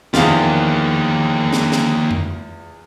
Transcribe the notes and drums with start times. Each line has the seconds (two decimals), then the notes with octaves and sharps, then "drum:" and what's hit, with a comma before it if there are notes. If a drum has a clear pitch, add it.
0.14 E2 D#3 F3 A#3 F4 G4, drum: snare
1.53 drum: snare
1.72 drum: snare
2.11 drum: tom F2